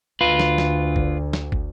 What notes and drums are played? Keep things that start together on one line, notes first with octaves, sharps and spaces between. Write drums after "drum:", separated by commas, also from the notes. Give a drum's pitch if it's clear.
D2 F4 B4
drum: snare
drum: snare
drum: kick
drum: snare
drum: kick